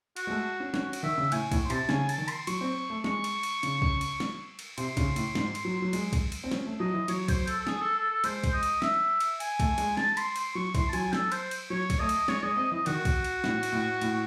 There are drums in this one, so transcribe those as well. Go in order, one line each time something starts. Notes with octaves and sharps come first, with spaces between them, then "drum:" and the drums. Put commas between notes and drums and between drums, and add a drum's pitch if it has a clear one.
F#4, drum: cymbal
G#3
A3
C#4
C#4 F#4, drum: snare
drum: cymbal
D#3 E5
C#3
A2 G#5, drum: cymbal
A2, drum: kick, cymbal
C6
C3 A5, drum: cymbal
C#3 G#5, drum: snare
A5, drum: cymbal
D#3
C6, drum: cymbal
F#3 C#6, drum: cymbal
C4
A3
G#3 C#6, drum: snare
drum: cymbal
drum: cymbal
C#3, drum: cymbal
drum: kick
drum: cymbal
drum: snare
drum: cymbal
C3 C6, drum: cymbal
C#3, drum: kick, cymbal
A2, drum: cymbal
G#2, drum: snare
drum: cymbal
F#3
F#3
G#3, drum: cymbal
drum: kick, cymbal
drum: cymbal
C4
C#4, drum: snare
A3
F#3 D#5
E3
F#3 C#5, drum: cymbal
C5, drum: kick, cymbal
A4, drum: cymbal
A4
G#4, drum: snare
A4
A4
A4
G#3 C5, drum: cymbal
drum: kick, cymbal
D#5
drum: cymbal
E5, drum: snare
drum: cymbal
G#5, drum: cymbal
A3, drum: kick, cymbal
G#3, drum: cymbal
A5, drum: snare
C6, drum: cymbal
C6, drum: cymbal
F#3 C#6
E3 C6, drum: kick, cymbal
A5
F#3 G#5, drum: cymbal
A4, drum: snare
C5, drum: cymbal
drum: cymbal
F#3 C#5
drum: kick, cymbal
A3 D#5
drum: cymbal
G#3 C#5, drum: snare
G#3 D#5
C4 D#5
E3 D#5
D#3 F#4, drum: cymbal
drum: kick, cymbal
drum: cymbal
A2, drum: snare
drum: cymbal
A2
A2, drum: cymbal